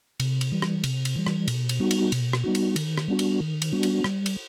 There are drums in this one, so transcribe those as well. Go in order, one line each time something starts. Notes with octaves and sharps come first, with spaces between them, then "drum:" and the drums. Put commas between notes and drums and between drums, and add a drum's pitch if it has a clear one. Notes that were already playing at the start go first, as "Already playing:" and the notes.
C3, drum: cymbal
drum: cymbal
E3 G3
drum: rim click
C3, drum: cymbal
drum: cymbal
E3 G3
drum: rim click
B2, drum: cymbal
drum: cymbal
G3 B3 D#4 F#4
drum: cymbal
B2, drum: cymbal
drum: rim click
G3 B3 D#4 F#4
drum: cymbal
D#3, drum: cymbal
drum: rim click
G3 B3 D4 F#4
drum: cymbal
D#3
drum: cymbal
G3 B3 D4 F#4
drum: cymbal
G3, drum: rim click
drum: cymbal